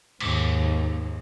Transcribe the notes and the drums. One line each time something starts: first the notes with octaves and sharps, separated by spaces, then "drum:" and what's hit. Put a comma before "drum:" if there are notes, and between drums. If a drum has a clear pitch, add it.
D#2 G#2, drum: cymbal